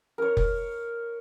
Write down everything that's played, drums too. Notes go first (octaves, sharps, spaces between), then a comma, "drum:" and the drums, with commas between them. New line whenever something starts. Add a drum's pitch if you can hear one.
A#4 C#5
drum: kick F1